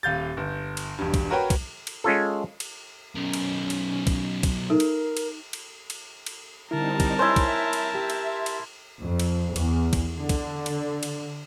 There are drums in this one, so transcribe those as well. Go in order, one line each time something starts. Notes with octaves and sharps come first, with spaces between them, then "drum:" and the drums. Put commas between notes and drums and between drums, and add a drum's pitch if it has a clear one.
D#1 F5 G6 A6
G1
drum: cymbal
E1 G2
drum: kick, cymbal
F#4 A#4 B4 C#5 G5
drum: kick, cymbal
drum: cymbal
G#3 C#4 F4 A4
drum: cymbal
B1 C#4 A#4
drum: cymbal
drum: cymbal
drum: kick, cymbal
drum: kick, cymbal
D#4 A4 A#4 E5
drum: cymbal
drum: cymbal
drum: cymbal
drum: cymbal
drum: cymbal
D3 G3 C4 D#4 E4 A#4 A5
drum: kick, cymbal
E4 C5 C#5 E5 G#5
drum: kick, cymbal
drum: cymbal
G4
drum: cymbal
drum: cymbal
F2
drum: cymbal
E2, drum: cymbal
drum: kick, cymbal
D3
drum: kick, cymbal
drum: cymbal
drum: cymbal